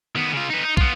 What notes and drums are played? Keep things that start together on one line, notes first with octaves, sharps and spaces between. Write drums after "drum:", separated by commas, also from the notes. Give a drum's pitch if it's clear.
D#3 B3
C#3 F4
D#4 B4
D#4
B3 F4, drum: kick